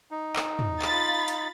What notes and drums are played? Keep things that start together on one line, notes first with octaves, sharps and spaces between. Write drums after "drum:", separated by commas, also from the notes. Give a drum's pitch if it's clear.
D#4
drum: clap
drum: tom
F4 B5 A6, drum: clap
drum: hi-hat